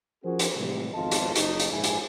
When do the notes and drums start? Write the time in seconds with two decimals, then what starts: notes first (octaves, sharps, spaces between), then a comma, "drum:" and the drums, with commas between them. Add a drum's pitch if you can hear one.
0.24 F3 C#4 F#4 G#4 A#4 C5
0.39 drum: hi-hat
0.56 A2 C3 E3 F3 G3 G#3
0.93 G#1 F2 B3 F4 D#5 A5
1.11 drum: hi-hat
1.35 F#1 D#4 A5, drum: hi-hat
1.60 drum: hi-hat
1.72 A#1 G#2 E3 E4 G#5
1.84 drum: hi-hat